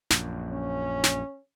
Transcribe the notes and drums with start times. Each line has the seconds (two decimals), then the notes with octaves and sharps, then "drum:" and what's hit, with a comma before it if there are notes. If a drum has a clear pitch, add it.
0.10 A#1 F#2, drum: snare
0.53 C#4
1.04 drum: snare